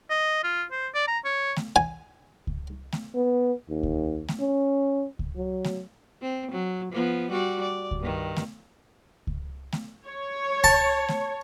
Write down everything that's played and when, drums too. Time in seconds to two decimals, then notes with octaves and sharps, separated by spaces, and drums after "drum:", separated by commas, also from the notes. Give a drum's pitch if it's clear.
0.10 D#5
0.44 F4
0.72 C5
0.94 D5
1.08 A#5
1.25 C#5
1.57 drum: snare A3
1.76 G#5
2.47 drum: kick C#2
2.93 drum: snare A3
3.15 B3
3.69 D#2
3.83 drum: kick C#2
4.29 drum: snare A3
4.39 C#4
5.19 drum: kick C#2
5.36 F#3
5.65 drum: snare A3
6.22 C4
6.52 F#3
6.92 F3 B3
7.31 G3 F#4 D5
7.62 D5
7.91 drum: kick C#2
8.01 G2 D#3
8.37 drum: snare A3
9.27 drum: kick C#2
9.73 drum: snare A3
10.07 C#5
10.64 A5, drum: kick C#2
11.09 drum: snare A3